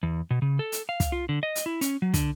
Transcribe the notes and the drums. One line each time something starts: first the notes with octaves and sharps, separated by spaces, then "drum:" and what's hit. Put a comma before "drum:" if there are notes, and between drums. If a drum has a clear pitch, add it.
E2
B2
C#3
A4
drum: hi-hat
F5
drum: kick, hi-hat
F4
D3
D#5
drum: hi-hat
E4
C#4, drum: hi-hat
F#3
D3, drum: kick, hi-hat